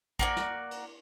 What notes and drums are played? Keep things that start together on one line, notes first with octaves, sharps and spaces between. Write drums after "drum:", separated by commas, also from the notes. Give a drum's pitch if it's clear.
A#3 F#4 D5, drum: kick A1
drum: snare
drum: cymbal